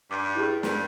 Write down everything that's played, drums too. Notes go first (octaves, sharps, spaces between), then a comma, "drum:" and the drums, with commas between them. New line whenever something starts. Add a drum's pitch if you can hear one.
G2 D6
E4 G4 G#4
G2, drum: snare